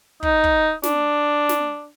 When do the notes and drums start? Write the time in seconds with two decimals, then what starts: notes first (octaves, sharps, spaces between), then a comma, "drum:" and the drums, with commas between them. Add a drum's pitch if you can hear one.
0.23 D#4, drum: kick
0.44 drum: kick
0.83 D4, drum: snare
1.49 drum: snare